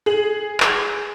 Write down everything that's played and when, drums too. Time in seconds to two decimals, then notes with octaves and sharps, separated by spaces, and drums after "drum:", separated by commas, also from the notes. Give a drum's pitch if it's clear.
0.06 G#4 F#7
0.60 drum: clap